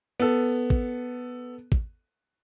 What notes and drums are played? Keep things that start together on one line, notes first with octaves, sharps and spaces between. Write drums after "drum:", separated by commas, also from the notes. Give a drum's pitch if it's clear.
B3 A4
drum: kick
drum: kick